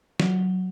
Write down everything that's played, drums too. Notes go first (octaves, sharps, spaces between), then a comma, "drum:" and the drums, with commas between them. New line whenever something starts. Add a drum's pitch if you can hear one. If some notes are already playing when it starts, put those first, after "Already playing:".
F#3, drum: snare